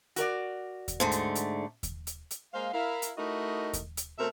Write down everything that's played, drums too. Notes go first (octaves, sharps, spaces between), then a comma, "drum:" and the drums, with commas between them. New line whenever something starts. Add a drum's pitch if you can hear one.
F#4 A#4 D5, drum: hi-hat
drum: kick D#2, hi-hat
G#2 D3 A3
drum: hi-hat
drum: hi-hat
drum: kick D#2, hi-hat
drum: hi-hat
drum: hi-hat
G#3 A#3 C5 F5
E4 A#4 F5
drum: hi-hat
A3 D#4 E4 F#4 A#4 D#5
drum: kick D#2, hi-hat
drum: hi-hat
B2 A3 C4 A4 A#4 E5